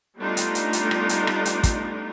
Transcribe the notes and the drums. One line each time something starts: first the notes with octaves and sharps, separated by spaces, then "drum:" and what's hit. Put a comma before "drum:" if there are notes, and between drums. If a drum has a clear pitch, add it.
G3 A3 B3 D4 D#4 F4
drum: hi-hat
drum: hi-hat
drum: hi-hat
drum: rim click
drum: hi-hat
drum: rim click
drum: hi-hat
drum: kick, hi-hat